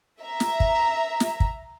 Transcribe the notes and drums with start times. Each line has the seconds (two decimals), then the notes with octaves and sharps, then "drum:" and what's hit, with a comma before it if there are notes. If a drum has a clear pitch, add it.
0.20 E5 A#5
0.40 drum: snare
0.60 drum: kick
1.20 drum: snare
1.40 drum: kick